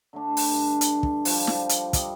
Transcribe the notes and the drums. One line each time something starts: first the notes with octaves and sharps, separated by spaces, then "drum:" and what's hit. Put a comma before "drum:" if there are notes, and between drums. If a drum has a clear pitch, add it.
D3 A3 D4
drum: open hi-hat
G2
drum: hi-hat
drum: kick
F3 G3, drum: open hi-hat
drum: snare
drum: hi-hat
G3 D#5 D6, drum: kick, hi-hat